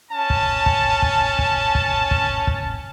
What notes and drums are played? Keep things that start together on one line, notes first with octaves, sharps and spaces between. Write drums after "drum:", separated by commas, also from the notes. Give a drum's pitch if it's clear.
C#4 A5
drum: kick
drum: kick
drum: kick
drum: kick
drum: kick
drum: kick
drum: kick